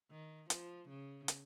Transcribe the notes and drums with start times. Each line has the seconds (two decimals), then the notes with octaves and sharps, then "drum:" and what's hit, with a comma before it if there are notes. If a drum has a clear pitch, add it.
0.11 D#3
0.50 F3, drum: hi-hat
0.89 C#3
1.28 drum: hi-hat